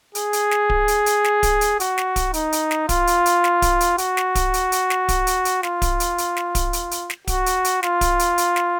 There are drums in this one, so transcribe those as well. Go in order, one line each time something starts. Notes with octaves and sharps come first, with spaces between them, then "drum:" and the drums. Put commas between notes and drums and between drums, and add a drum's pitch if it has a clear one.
G#4, drum: hi-hat
drum: hi-hat
drum: snare
drum: kick D1
drum: hi-hat
drum: hi-hat
drum: snare
drum: kick D1, hi-hat
drum: hi-hat
F#4, drum: hi-hat
drum: snare
drum: kick D1, hi-hat
D#4, drum: hi-hat
drum: hi-hat
drum: snare
F4, drum: kick D1, hi-hat
drum: hi-hat
drum: hi-hat
drum: snare
drum: kick D1, hi-hat
drum: hi-hat
F#4, drum: hi-hat
drum: snare
drum: kick D1, hi-hat
drum: hi-hat
drum: hi-hat
drum: snare
drum: kick D1, hi-hat
drum: hi-hat
drum: hi-hat
F4, drum: snare
drum: kick D1, hi-hat
drum: hi-hat
drum: hi-hat
drum: snare
drum: kick D1, hi-hat
drum: hi-hat
drum: hi-hat
drum: snare
F#4, drum: kick D1, hi-hat
drum: hi-hat
drum: hi-hat
F4, drum: snare
drum: kick D1, hi-hat
drum: hi-hat
drum: hi-hat
drum: snare